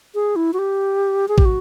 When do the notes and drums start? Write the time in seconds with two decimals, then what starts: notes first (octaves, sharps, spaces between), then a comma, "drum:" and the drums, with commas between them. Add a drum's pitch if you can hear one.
0.15 G#4
0.36 E4
0.53 F#4
0.59 G4
1.28 G#4
1.38 G4, drum: kick
1.45 F#4